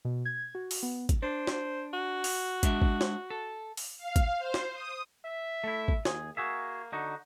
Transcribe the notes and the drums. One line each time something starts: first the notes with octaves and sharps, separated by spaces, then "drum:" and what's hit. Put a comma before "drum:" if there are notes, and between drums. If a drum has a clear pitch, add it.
B2
G#6
F#4
drum: open hi-hat
B3
drum: kick, hi-hat
D4 C5
drum: snare
F#4
drum: open hi-hat
G#3 D4 E5, drum: kick, hi-hat
drum: kick
drum: snare
A4
drum: open hi-hat
F5
drum: kick, hi-hat
C5
drum: snare
D#6
E5
A3 E4
drum: kick
D#2 G#4, drum: snare
A#3 F#4 G#4 E5
D3 D#4 F#4